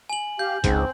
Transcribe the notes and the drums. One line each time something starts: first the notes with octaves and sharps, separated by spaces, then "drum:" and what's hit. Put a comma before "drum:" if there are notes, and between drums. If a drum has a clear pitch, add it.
G#5 F#7
G4 F5 G6
C#2 G#2 C4, drum: kick, hi-hat